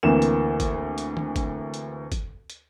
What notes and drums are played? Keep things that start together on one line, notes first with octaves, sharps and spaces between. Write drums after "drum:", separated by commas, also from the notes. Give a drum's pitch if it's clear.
D2 E3 A#3 C4 E7
drum: hi-hat
drum: kick, hi-hat
drum: hi-hat
drum: tom
drum: kick, hi-hat
drum: hi-hat
drum: kick, hi-hat
drum: hi-hat